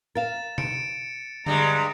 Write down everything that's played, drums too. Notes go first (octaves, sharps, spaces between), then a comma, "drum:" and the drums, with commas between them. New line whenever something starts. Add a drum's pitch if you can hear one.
A#4 F5 A6 E7
C#7 D7 E7, drum: tom
G2 G3 G#3 A#5, drum: tom D3